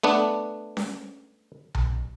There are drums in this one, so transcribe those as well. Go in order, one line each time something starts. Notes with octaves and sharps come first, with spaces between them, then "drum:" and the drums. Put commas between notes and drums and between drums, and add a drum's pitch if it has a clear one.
A3 B3 D4
drum: snare C#4
drum: tom B1